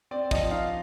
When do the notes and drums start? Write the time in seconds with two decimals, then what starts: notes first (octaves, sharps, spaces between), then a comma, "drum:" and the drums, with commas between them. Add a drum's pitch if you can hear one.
0.11 C4 D5
0.31 F3 D#5, drum: kick, hi-hat
0.51 D#4 F5